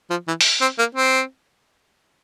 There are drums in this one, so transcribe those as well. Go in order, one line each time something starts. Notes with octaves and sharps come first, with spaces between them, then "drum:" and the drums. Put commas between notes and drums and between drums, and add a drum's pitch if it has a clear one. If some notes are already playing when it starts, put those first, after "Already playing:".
F3
E3
drum: open hi-hat
C4
A#3
C4